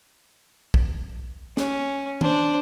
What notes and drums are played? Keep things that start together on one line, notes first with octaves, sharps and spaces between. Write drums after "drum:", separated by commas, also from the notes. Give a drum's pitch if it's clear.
drum: kick
C#4, drum: snare
D4 C5, drum: tom